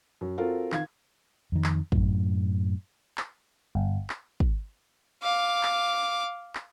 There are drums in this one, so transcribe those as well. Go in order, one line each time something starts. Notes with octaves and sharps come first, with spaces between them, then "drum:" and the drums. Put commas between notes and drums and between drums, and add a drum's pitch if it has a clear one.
F#2
C4 F4 F#4 A4 A#4
D#3 F5 G#6, drum: clap
F2 D#3
drum: clap
F#2 A2, drum: kick
drum: clap
G1
drum: clap
drum: kick
F5 D6
drum: clap
drum: clap